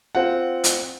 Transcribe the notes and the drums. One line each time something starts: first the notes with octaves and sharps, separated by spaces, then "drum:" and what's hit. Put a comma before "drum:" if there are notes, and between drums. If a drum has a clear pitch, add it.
C4 F4 F#5
drum: hi-hat